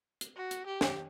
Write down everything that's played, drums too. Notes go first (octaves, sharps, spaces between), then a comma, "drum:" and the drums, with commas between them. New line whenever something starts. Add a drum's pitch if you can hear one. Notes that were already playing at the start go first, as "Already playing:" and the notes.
drum: hi-hat
F#4
drum: hi-hat
G4
drum: snare